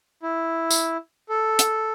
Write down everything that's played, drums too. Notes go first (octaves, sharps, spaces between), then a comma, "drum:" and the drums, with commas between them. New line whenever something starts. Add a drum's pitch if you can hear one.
E4
drum: tambourine
A4
drum: hi-hat